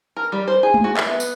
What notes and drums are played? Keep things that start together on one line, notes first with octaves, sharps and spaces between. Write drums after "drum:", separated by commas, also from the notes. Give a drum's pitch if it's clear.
A#4
G3
C5
G#4
drum: tom G#3
F#4
E5, drum: clap
B3
drum: tambourine